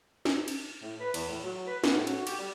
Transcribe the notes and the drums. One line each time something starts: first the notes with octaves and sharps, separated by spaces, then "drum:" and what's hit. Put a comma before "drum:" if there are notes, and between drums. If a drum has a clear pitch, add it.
drum: snare
drum: cymbal
A2
B4
E2, drum: cymbal
A2
F#3
B4
B3, drum: snare
A2
F#4, drum: cymbal
G4, drum: cymbal
G3